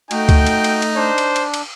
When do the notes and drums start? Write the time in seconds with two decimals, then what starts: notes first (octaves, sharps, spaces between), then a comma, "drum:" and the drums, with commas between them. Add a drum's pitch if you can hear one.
0.11 A3 D#4 F#4 G5, drum: cymbal
0.29 drum: kick D2, cymbal
0.47 drum: cymbal
0.64 drum: cymbal
0.82 drum: cymbal
0.96 D4 C5
1.18 drum: cymbal
1.36 drum: cymbal
1.54 drum: cymbal